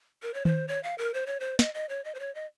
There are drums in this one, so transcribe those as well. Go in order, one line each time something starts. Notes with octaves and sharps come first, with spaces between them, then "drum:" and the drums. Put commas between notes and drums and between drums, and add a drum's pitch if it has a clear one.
A#4
C#5
C5, drum: tom D#3
C#5
F5
A#4
C5
C#5
C5
D#5, drum: snare
D#5
C#5
D#5
C5
C#5
D#5